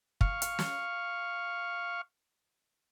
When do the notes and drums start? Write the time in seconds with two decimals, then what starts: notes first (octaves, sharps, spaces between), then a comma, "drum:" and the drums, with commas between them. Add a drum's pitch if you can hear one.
0.21 F5 C#6, drum: kick
0.42 drum: hi-hat
0.59 drum: snare